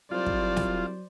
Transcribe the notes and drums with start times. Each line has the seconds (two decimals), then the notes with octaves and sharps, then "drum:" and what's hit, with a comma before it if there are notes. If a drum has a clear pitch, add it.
0.11 C2 F#3 F4 C5 D5
0.26 drum: kick
0.57 drum: snare